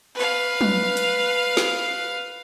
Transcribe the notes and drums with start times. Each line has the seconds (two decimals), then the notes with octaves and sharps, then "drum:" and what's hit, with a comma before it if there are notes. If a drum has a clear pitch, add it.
0.15 B4 F5
0.61 drum: tom
0.97 drum: hi-hat
1.57 drum: snare